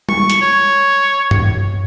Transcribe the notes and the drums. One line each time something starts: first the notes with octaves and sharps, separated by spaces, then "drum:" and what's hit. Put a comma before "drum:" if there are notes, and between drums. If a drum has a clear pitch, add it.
C#6, drum: tom
drum: hi-hat
C#5
drum: tom G2